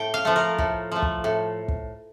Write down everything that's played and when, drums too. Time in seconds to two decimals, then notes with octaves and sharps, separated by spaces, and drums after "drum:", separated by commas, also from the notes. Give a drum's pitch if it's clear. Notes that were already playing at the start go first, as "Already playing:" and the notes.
Already playing: A2 G5
0.14 F5
0.25 F3 A3
0.36 A#4
0.58 A2, drum: kick
0.92 F3 A3
1.02 drum: kick
1.24 A2
1.68 drum: kick